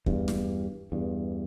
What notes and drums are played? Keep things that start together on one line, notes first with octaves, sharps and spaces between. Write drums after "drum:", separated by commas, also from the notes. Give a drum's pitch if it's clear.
E2 G2, drum: kick
drum: snare
E2 G2